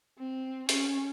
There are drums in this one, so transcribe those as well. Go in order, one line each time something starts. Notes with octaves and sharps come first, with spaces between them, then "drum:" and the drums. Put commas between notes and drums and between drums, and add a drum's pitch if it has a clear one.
C4
C#4, drum: hi-hat